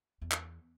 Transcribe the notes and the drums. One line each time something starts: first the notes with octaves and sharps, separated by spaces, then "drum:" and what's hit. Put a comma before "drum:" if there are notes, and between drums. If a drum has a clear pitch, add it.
E2
drum: clap